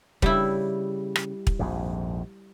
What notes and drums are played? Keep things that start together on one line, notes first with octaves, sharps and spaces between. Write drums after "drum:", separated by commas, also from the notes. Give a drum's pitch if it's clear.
C#3 G3 E4, drum: kick
drum: rim click
drum: kick
A#1 F2 G#2